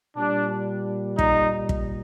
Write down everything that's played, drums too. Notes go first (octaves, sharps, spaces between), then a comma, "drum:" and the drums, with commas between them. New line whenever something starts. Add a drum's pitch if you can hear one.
A#2 G3 D4
D#4, drum: kick
drum: kick